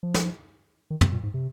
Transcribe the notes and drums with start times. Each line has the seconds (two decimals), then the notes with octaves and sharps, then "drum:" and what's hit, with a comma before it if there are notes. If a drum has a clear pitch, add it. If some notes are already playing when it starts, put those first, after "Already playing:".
0.03 F3
0.14 drum: snare
0.90 D#3
1.01 C3, drum: tom
1.12 A#2
1.23 G#2
1.34 C3